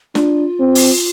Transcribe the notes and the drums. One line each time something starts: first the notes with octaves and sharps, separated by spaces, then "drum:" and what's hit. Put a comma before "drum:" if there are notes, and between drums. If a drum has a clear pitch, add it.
D4 F4, drum: snare
C4
drum: open hi-hat